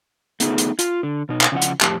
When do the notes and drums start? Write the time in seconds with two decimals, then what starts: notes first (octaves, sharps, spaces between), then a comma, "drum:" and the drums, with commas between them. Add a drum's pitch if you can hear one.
0.40 A3 B3 D#4 G#4, drum: hi-hat
0.58 drum: hi-hat
0.79 F4, drum: hi-hat
1.03 D3
1.29 B2 D#4
1.41 drum: clap
1.52 C#3 F3 F#5
1.62 drum: hi-hat
1.81 F2 A2 D#3 C4 G4 A5, drum: clap